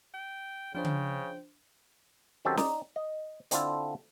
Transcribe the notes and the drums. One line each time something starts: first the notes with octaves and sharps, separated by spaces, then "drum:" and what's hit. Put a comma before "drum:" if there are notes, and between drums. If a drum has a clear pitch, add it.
G5
C#3 F3 D4 C5 G5
drum: tom C#3
D#3 F#3 C4 C#4 G4 A4
D#4 D5, drum: snare
D#5
D3 C4 D4 E4 F4 A4, drum: hi-hat